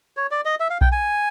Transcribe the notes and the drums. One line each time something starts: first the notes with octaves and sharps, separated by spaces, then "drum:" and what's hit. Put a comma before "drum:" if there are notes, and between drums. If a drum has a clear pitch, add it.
C#5
D5
D#5
E5
F5
G5, drum: kick B1
G#5